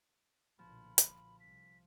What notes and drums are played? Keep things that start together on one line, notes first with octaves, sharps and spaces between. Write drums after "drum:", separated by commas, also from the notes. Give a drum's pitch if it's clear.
B1 A#2 D3 F3 B5
drum: hi-hat
C2 B6